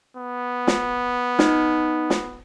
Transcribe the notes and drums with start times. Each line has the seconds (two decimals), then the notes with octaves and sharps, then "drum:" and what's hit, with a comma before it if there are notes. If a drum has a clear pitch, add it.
0.17 B3
0.67 drum: snare
1.39 D#4, drum: snare
2.10 drum: snare